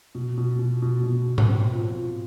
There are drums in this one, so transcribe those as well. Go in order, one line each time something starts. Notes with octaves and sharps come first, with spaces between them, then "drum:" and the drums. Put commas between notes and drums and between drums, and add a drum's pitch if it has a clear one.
B2
B2
B2
B2
B2
B2
drum: tom G#2
C4
F3
F3